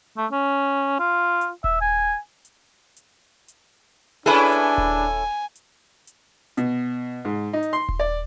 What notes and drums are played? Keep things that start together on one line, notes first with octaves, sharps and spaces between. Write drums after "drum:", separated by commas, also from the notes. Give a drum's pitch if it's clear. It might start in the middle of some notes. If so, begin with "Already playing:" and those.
A3
C#4
F4
drum: hi-hat
E5, drum: kick D#1
G#5
drum: hi-hat
drum: hi-hat
drum: hi-hat
C#4 D4 E4 G#4 A4 B4 G#5
drum: hi-hat
drum: kick D#1
drum: hi-hat
drum: hi-hat
B2, drum: hi-hat
G#2
D#4
drum: hi-hat
C6
drum: kick D#1
D5